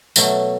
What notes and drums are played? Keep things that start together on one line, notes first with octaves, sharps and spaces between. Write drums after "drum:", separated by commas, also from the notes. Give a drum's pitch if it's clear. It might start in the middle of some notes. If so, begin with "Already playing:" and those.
B2 F#3 A3, drum: tambourine